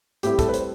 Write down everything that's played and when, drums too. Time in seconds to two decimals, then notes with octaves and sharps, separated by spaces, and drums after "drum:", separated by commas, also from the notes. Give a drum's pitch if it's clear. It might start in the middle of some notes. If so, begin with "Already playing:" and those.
0.23 A2 G3 C4 E4 G4, drum: hi-hat
0.39 A4, drum: kick, hi-hat
0.49 B4
0.54 C5, drum: hi-hat